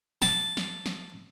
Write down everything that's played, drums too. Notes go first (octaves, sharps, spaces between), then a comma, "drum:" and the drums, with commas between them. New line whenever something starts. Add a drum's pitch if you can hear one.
A5, drum: snare
drum: snare
drum: snare